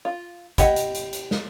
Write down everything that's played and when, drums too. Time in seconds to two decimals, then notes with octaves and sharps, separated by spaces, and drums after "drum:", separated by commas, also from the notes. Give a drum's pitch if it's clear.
0.05 F4
0.58 E4 G4 D#5 F#5, drum: kick, hi-hat
0.76 drum: hi-hat
0.95 drum: hi-hat
1.13 drum: hi-hat
1.31 drum: snare